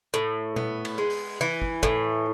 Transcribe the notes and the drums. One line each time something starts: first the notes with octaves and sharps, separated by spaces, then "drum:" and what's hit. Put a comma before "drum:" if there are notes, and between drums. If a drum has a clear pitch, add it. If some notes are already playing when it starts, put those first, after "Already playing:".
A2
B3, drum: tom A#2
drum: cymbal
G#3
drum: open hi-hat
E3
drum: kick
A2, drum: kick